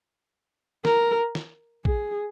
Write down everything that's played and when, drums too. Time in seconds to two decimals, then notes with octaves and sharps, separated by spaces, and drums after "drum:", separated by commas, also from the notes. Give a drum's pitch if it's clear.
0.85 A#4, drum: snare
1.35 drum: snare
1.85 G#4, drum: kick A#1